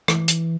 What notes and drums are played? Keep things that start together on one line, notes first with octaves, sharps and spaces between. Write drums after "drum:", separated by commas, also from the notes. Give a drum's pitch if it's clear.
E3, drum: rim click
drum: hi-hat